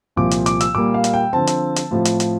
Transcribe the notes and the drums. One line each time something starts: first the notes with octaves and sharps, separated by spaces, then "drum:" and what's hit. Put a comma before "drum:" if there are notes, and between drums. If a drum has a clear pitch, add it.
C2 A#2 F3 D6
drum: hi-hat
D6, drum: hi-hat
E6, drum: hi-hat
A#2 G3 A#3 D6
F5
drum: hi-hat
G5
D3 F3 C4 A5
drum: hi-hat
drum: hi-hat
A2 F3 C4 F4
drum: hi-hat
drum: hi-hat